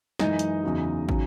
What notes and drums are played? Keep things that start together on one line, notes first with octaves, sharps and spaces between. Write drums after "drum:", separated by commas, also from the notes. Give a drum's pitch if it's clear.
F#2 E3 G#3 D#4 D#5, drum: snare
drum: hi-hat
E2 C#3 F#3
C#3 F#3, drum: kick